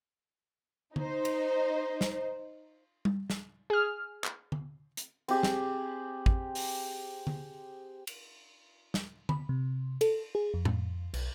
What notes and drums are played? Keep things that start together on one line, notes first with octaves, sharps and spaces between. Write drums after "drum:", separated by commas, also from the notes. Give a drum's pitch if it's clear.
D#4 C5, drum: tom D3
drum: cymbal
drum: snare
drum: tom G3
drum: snare
G#4 F6
drum: clap
drum: tom D3
drum: hi-hat
C4 G4 G#4, drum: cymbal
drum: snare
drum: kick
drum: open hi-hat
drum: tom D3
drum: cymbal
drum: snare
B5, drum: tom D3
C3
A4, drum: cymbal
G#4
F2
drum: tom A2
B1, drum: cymbal